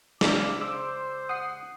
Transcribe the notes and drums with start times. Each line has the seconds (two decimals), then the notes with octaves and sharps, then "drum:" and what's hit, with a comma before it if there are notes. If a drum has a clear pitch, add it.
0.21 C#2 C#4 D5 E5 F5 D6, drum: snare
0.61 C5 C6 D6 E6
1.29 F#5 D#6 C7